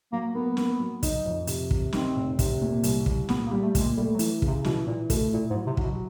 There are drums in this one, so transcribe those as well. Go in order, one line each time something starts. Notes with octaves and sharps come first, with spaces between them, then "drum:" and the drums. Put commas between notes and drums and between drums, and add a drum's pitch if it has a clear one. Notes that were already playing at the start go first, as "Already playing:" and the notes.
F#3 A#3
A#3 B3
A#3, drum: snare
F#3
D#4, drum: kick, hi-hat
F2
C3, drum: hi-hat
C3, drum: kick
D#3 C4, drum: snare
F1
C3, drum: kick, hi-hat
A#2
C2, drum: hi-hat
C2, drum: kick
A#2 B3, drum: snare
A#3
G3
A3
A#2, drum: kick, hi-hat
G#3
G3 A3
F#3
E3, drum: hi-hat
C#3, drum: kick
C3
B2 E3, drum: snare
A#2 E3
B2 A3, drum: kick, hi-hat
A#2 E4
G#2
F#3
C3
F#3, drum: kick
B2